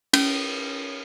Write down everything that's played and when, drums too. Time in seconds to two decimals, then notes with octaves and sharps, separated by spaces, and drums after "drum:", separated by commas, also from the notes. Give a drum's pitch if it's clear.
0.13 C#4, drum: cymbal